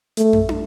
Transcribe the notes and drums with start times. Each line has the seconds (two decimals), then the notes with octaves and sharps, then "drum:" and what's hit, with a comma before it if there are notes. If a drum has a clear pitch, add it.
0.17 A3, drum: hi-hat
0.33 drum: tom
0.49 drum: tom